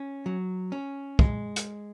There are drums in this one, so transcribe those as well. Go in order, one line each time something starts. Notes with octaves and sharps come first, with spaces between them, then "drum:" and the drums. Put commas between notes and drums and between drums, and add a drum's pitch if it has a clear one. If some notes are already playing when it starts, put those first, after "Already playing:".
Already playing: C#4
F#3
C#4
G#3, drum: kick
drum: hi-hat